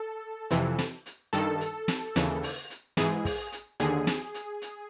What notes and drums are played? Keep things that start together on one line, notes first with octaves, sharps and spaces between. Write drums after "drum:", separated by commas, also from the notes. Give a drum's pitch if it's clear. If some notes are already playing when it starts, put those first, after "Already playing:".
Already playing: A4
F2 C3 E3, drum: hi-hat
drum: snare
drum: hi-hat
G2 D#3 A4, drum: hi-hat
drum: hi-hat
drum: snare
D#2 C#3 E3, drum: snare
drum: open hi-hat
drum: hi-hat
G#2 E3 G#4, drum: snare
drum: kick, open hi-hat
drum: hi-hat
D#2 D3 G#4, drum: hi-hat
drum: snare
drum: hi-hat
drum: hi-hat